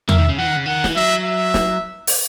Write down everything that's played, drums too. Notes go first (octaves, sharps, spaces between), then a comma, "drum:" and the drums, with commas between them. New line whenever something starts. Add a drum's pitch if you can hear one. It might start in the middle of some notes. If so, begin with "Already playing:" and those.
A#3 E5, drum: tom E2
D#3
C#3
E3 F#5
D#3
C#3
D#3 F#5
E3, drum: snare
F#3 E5
E5
drum: snare
drum: open hi-hat